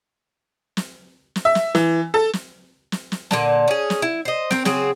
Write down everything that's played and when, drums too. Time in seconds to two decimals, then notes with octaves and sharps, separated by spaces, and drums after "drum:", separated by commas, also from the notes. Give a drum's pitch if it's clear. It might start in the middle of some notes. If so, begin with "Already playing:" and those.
0.77 drum: snare
1.36 drum: snare
1.45 E5
1.55 drum: snare
1.75 E3, drum: snare
2.14 A4
2.33 drum: snare
2.92 drum: snare
3.12 drum: snare
3.31 A#2 D3 A5, drum: snare
3.68 C#4 G#4
3.90 drum: snare
4.02 E4
4.25 C5 D#5
4.51 C4 A#4, drum: snare
4.65 C#3 F#3 C4 G#4, drum: snare